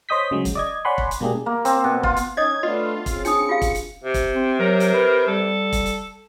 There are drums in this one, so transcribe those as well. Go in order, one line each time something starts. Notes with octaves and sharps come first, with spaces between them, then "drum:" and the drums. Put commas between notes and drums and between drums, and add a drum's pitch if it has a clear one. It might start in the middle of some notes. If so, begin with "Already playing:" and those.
C5 C#5 D#5 D#6 G6 B6
C#3 F#3 G#3
drum: kick, hi-hat
D5 D#5 G#6
C#5 D5 F#5 G#5 B5 C6
drum: kick
drum: hi-hat
B2 G#3 A#3 D4 G4 G#4
A#3
C4, drum: hi-hat
B2
F4, drum: kick
drum: hi-hat
C#4 D#4 C#5 D#5 D#6 G#6
A3 B3 D4 F4 D#5
C#3 C4, drum: kick, hi-hat
D4 D#4 D#6 C#7, drum: hi-hat
F4 G4 F5
drum: kick, hi-hat
drum: hi-hat
C3
drum: kick, hi-hat
C4
F#3 A#4
drum: hi-hat
B4
G3 A4
drum: kick, hi-hat
drum: hi-hat